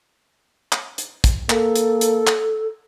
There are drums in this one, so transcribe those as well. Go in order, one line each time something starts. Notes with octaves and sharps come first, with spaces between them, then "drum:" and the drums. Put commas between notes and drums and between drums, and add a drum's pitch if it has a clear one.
drum: clap
drum: hi-hat
drum: kick, hi-hat
A#3 A4, drum: clap
drum: hi-hat
drum: hi-hat
drum: clap